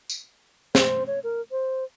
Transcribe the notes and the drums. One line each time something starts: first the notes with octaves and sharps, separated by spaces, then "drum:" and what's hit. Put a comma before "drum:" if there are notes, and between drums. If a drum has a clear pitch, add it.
drum: tambourine
C5, drum: snare
C#5
A#4
C5